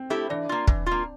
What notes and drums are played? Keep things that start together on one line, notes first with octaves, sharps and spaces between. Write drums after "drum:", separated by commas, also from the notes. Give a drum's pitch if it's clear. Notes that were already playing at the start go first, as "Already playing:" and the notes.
Already playing: C4
A3 E4 G4
E3 D4
A#3 F4
E3, drum: kick
A#3 F4